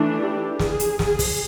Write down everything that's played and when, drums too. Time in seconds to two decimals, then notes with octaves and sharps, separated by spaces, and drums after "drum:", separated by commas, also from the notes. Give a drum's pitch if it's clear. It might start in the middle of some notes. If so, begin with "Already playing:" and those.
Already playing: E3 A3 D4
0.21 G4
0.59 G#4, drum: snare
0.80 drum: hi-hat
0.99 drum: snare
1.19 drum: kick, open hi-hat